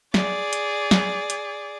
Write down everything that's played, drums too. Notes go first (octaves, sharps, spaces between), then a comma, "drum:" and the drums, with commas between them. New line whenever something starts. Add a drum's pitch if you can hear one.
G#4 D5, drum: snare
drum: hi-hat
drum: snare
drum: hi-hat